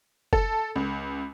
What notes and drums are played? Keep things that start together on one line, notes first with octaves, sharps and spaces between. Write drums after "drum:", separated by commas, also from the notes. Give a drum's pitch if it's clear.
A4, drum: kick F1
C#2